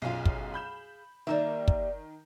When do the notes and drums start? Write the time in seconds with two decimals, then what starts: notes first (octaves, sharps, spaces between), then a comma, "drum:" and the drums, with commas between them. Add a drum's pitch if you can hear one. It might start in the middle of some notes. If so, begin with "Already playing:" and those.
0.02 B1 F#2 F4 G#4 F5
0.25 drum: kick
0.54 B5 G6 E7
1.27 D#3 G3 A#3 D#4 E5 A#5
1.68 drum: kick